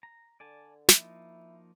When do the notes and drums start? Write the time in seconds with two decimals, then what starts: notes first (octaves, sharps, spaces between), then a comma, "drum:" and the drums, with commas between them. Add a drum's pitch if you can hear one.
0.03 A#5
0.40 D3 D5 G#5 A5
0.89 F3 A#3 D#4 E4, drum: snare